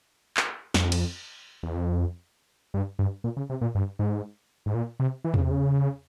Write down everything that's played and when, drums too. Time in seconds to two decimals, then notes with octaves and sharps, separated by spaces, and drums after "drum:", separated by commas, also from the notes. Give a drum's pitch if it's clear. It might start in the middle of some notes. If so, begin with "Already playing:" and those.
0.37 drum: clap
0.74 F2, drum: snare
0.92 drum: cymbal
1.63 E2
1.75 F2
2.74 G2
2.99 G2
3.24 A#2
3.37 C#3
3.50 C3
3.61 A#2
3.75 G2
3.99 G#2
4.66 G#2
4.74 A#2
5.00 C3
5.24 E3
5.34 C#3, drum: tom E2
5.42 C3
5.51 C#3